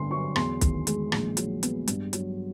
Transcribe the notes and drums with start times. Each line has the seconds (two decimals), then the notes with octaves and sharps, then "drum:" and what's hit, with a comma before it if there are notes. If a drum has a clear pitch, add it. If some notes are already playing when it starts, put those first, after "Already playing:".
Already playing: G1 D3 C6
0.10 F#3 C#6
0.36 E2 C6, drum: rim click
0.61 D#3, drum: kick, hi-hat
0.87 G#3, drum: hi-hat
1.12 A#1, drum: rim click
1.37 F#3, drum: hi-hat
1.63 B3, drum: hi-hat
1.88 G2, drum: hi-hat
2.13 F#3, drum: hi-hat